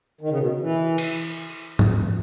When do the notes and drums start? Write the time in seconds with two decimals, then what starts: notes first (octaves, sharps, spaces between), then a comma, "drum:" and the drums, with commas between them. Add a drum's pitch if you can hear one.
0.21 D#3
0.30 C#3
0.38 B2
0.47 C#3
0.61 E3
0.98 drum: cymbal
1.79 F#2, drum: tom G#2